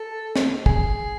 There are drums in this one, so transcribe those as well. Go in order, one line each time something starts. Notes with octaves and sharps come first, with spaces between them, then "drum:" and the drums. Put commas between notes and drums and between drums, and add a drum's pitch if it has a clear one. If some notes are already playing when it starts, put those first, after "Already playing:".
Already playing: A4
drum: snare
G#4, drum: kick